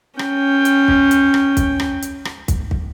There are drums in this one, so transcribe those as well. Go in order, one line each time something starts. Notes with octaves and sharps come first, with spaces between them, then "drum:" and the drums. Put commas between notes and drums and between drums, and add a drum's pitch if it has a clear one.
C#4 G5, drum: rim click
drum: hi-hat
drum: kick
drum: hi-hat
drum: rim click
drum: kick, hi-hat
drum: rim click
drum: hi-hat
drum: rim click
drum: kick, hi-hat
drum: kick